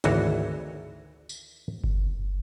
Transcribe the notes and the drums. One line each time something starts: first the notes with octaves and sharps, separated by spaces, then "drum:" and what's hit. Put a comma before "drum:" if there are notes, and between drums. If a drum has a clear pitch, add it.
G#1 D2 E3 F#4 C#5, drum: hi-hat
drum: tambourine
drum: kick G1